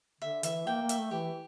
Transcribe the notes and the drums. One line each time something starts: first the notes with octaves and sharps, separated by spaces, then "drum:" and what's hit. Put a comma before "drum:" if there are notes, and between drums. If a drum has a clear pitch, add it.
D3 E5
E3 E5, drum: hi-hat
A#3 G5
A#3
E5, drum: hi-hat
A3
E3 G4